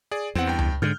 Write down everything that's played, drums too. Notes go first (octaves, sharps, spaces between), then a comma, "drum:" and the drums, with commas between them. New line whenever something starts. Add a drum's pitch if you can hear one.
G#4 D5
E2 C4 F#5
G2 G5
drum: tom C#2
G#2 D3 F6 G6